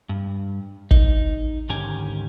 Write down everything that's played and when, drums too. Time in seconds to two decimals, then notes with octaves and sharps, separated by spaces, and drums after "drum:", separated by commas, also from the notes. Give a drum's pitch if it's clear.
0.09 G2
0.91 D#4, drum: kick
1.69 D2 G#2 D#3 C#4 G4 G#5